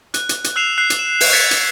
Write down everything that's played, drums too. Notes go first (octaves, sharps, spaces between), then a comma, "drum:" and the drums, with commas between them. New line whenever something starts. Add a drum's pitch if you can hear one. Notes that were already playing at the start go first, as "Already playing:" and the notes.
F#6, drum: hi-hat
drum: hi-hat
drum: hi-hat
E6 F#6 C7 E7 F7
F#6 C7
drum: hi-hat
E7
drum: open hi-hat
F#6 G#6 A6 B6 C#7
drum: hi-hat